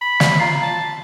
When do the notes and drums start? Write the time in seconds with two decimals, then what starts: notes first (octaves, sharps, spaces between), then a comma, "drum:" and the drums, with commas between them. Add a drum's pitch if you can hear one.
0.01 B5
0.20 drum: snare
0.40 F4 A#5 C7
0.63 A5